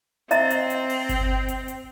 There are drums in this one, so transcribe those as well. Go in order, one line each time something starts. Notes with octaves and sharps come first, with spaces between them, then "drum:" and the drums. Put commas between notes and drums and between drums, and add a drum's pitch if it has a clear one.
C4 D#5 E5 A#5, drum: hi-hat
drum: hi-hat
drum: hi-hat
drum: open hi-hat
drum: kick G1, hi-hat
drum: hi-hat
drum: hi-hat